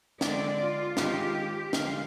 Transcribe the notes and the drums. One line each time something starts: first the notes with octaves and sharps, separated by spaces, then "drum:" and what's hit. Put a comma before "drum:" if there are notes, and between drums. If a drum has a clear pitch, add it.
D3 G#3 C4 D5, drum: snare
F4
D#3 G#3 C4 F4 G4, drum: snare
D3 G#3 D#4 F5, drum: snare